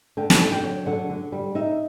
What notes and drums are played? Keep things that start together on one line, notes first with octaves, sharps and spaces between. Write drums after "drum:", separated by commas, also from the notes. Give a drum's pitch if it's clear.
D3 G5
drum: snare
D3
G5
F#3
D3 F#5
D3
G3
D#4 E5